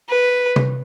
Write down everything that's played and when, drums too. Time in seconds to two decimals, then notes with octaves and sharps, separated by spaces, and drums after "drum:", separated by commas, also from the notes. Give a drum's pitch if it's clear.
0.10 B4
0.56 drum: tom